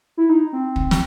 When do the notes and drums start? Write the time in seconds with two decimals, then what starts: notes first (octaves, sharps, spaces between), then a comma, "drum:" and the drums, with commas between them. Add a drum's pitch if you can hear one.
0.17 E4
0.29 D#4
0.53 C4
0.76 drum: kick
0.91 drum: snare